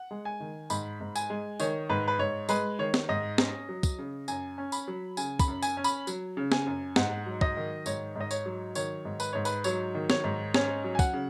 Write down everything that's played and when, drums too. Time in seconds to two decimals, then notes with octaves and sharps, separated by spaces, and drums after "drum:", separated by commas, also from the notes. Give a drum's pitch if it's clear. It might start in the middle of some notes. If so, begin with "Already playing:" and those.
Already playing: F#5
0.11 G#3
0.25 G#5
0.40 D#3
0.70 G#2 B5, drum: tambourine
1.01 G#2
1.16 G#5, drum: tambourine
1.30 G#3
1.60 D#3 C#5, drum: tambourine
1.89 G#2 B4
2.08 B4
2.19 G#2 C#5
2.49 G#3 B4, drum: tambourine
2.79 D#3 C#5
2.94 drum: snare
3.09 G#2 D#5
3.38 C#4, drum: snare
3.69 F#3
3.83 drum: kick, tambourine
3.98 C#3
4.28 F#2 G#5, drum: tambourine
4.58 C#4
4.72 B5, drum: tambourine
4.88 F#3
5.17 C#3 G#5, drum: tambourine
5.39 B5, drum: kick, tambourine
5.48 F#2
5.62 G#5, drum: tambourine
5.77 C#4
5.84 B5, drum: tambourine
6.07 F#3, drum: tambourine
6.37 C#3
6.52 G#5, drum: snare
6.66 F#2
6.96 G#2 F#5, drum: snare
7.26 F#3
7.41 D#5, drum: kick
7.57 D#3
7.86 G#2 C#5, drum: tambourine
8.16 G#2 D#5
8.31 C#5, drum: tambourine
8.46 F#3
8.75 D#3 C#5, drum: tambourine
9.05 G#2
9.20 B4, drum: tambourine
9.33 G#2 C#5
9.45 B4, drum: tambourine
9.64 F#3 C#5, drum: tambourine
9.95 D#3
10.10 C#5, drum: snare
10.24 G#2
10.54 C#4 C#5, drum: snare
10.84 F#3
10.95 G#5
10.99 F#5, drum: kick, tambourine
11.13 C#3